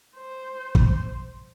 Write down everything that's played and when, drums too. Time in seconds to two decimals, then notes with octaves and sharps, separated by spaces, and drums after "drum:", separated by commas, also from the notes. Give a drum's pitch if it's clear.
0.17 C5
0.75 drum: kick